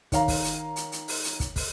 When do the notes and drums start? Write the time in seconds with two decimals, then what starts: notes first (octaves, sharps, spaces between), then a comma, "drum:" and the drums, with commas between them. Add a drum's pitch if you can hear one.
0.12 D#3 C#5 F5 A#5, drum: kick, hi-hat
0.28 drum: kick, open hi-hat
0.44 drum: hi-hat
0.76 drum: hi-hat
0.92 drum: hi-hat
1.08 drum: open hi-hat
1.24 drum: hi-hat
1.40 drum: kick, hi-hat
1.56 drum: kick, open hi-hat